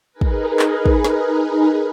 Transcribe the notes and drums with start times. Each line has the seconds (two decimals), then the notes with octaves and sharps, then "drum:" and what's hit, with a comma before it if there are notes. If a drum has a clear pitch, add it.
0.12 D#4 G#4 A#4 B4
0.21 drum: kick
0.59 drum: clap
0.86 drum: kick
1.04 drum: snare